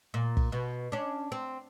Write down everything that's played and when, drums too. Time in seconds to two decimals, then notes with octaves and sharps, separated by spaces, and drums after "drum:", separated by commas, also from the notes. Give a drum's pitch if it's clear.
0.14 A#2
0.37 drum: kick
0.52 B2
0.92 C#4 D4
1.32 C4